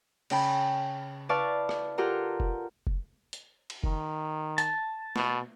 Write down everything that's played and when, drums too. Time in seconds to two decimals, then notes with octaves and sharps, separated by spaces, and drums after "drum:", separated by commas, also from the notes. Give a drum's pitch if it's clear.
0.30 C#3 C#4 G5 A5 B5, drum: cymbal
1.29 E4 B4 D5 F5 A5 C#6
1.69 drum: rim click
1.98 F4 G4 A4 A#4 F#5 A#5
2.40 drum: kick F1
2.87 drum: kick F1
3.33 drum: hi-hat
3.70 drum: cymbal
3.84 D#3, drum: kick F1
4.58 A5, drum: hi-hat
5.16 B2, drum: snare